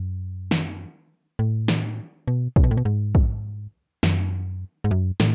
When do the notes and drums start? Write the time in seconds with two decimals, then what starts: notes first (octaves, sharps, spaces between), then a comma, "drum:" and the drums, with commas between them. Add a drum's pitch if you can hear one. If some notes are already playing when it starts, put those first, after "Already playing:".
Already playing: F#2
0.51 drum: snare
1.39 A2
1.68 drum: snare
2.28 B2
2.56 C#3, drum: kick
2.64 B2
2.71 A2
2.77 B2
2.85 G#2
3.15 drum: kick
4.03 F#2, drum: snare
4.84 G#2
4.91 F#2
5.20 A2, drum: snare